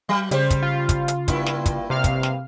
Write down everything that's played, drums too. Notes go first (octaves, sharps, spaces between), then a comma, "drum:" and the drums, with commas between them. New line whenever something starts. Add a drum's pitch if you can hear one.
F#3
C#3 G3 G4 C5, drum: hi-hat
drum: kick, hi-hat
F4
drum: kick, hi-hat
drum: hi-hat
G2 A#3 E4, drum: kick, hi-hat
drum: snare
drum: kick, hi-hat
C3 F5 F6
drum: kick, hi-hat
drum: snare